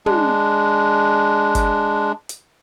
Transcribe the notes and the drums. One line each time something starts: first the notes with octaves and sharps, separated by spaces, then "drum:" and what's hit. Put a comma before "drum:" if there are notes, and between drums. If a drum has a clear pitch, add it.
G#3 D4, drum: tom
drum: kick, hi-hat
drum: hi-hat